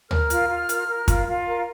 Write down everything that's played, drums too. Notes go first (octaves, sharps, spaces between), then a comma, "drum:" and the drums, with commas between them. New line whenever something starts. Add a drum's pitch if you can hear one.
A#4 F6, drum: tom
F4, drum: hi-hat
F4
A#4, drum: hi-hat
A#4
F4, drum: kick, hi-hat
F4
A#4